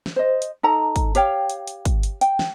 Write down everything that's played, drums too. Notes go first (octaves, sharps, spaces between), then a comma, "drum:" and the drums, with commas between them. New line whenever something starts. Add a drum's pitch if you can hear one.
drum: snare
C5 D#5
drum: hi-hat
D#4 A4 A#5
drum: kick, hi-hat
G4 C#5 F5 G5, drum: hi-hat
drum: hi-hat
drum: hi-hat
drum: kick, hi-hat
drum: hi-hat
G5, drum: hi-hat
drum: snare